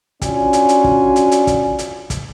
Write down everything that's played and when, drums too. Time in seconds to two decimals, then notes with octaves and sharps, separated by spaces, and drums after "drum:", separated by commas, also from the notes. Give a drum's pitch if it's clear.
0.22 C#4 D4 F4 F#4 D5 G#5, drum: kick, hi-hat
0.53 drum: hi-hat
0.69 drum: hi-hat
0.84 drum: kick
1.16 drum: hi-hat
1.31 drum: hi-hat
1.47 drum: kick, hi-hat
1.79 drum: hi-hat
2.10 drum: kick, hi-hat